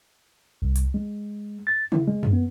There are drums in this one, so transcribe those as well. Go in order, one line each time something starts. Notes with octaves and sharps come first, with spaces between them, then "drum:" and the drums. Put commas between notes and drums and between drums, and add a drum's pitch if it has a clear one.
C2
drum: hi-hat
G#3
A6
E4, drum: tom C#3
G#3
drum: tom F#2
B3